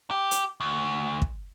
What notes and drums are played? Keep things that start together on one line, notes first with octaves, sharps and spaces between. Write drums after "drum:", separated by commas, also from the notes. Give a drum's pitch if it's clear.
G4
drum: hi-hat
D2
drum: kick